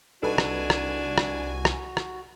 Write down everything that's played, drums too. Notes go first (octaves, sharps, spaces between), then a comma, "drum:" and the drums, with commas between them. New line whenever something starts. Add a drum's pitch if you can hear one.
C2 D4 D#4 F#4 A4 B4 G#5
drum: rim click
drum: rim click
drum: rim click
drum: rim click
drum: rim click